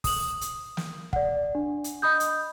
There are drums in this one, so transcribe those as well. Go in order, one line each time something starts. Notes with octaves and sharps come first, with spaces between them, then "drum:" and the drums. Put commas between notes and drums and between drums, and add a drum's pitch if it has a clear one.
D#6 F#7, drum: kick, open hi-hat
drum: hi-hat
drum: snare
D5 F#5, drum: kick
D4
drum: hi-hat
D#5 B5 D#6 G6
drum: hi-hat